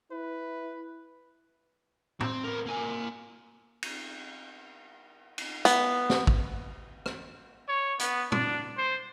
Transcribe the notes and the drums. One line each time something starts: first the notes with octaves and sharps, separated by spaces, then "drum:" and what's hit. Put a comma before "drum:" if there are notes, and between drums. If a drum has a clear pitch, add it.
E4 B4
C4, drum: tom
B3 A#4
A#3 G#5
drum: cymbal
drum: cymbal
B3, drum: hi-hat
drum: snare
drum: kick
drum: rim click
C#5
B3, drum: hi-hat
D4, drum: tom A#2
C5